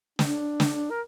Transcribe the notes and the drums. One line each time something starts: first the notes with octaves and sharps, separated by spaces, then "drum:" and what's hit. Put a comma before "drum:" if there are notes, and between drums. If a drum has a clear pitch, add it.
D4, drum: snare
drum: snare
A#4